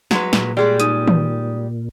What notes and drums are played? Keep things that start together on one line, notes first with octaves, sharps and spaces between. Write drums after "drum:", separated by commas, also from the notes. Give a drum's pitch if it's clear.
F#3 G#3 B4, drum: snare
A#2, drum: snare
G3 G#3 G4 G#4 D5
D#4 D#6 D#7, drum: hi-hat
drum: tom D#3